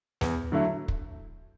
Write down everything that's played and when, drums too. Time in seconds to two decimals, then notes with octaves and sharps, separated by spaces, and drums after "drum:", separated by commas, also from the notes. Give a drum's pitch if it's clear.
0.21 E2, drum: snare
0.52 D3 F#3 A3 E4
0.88 drum: kick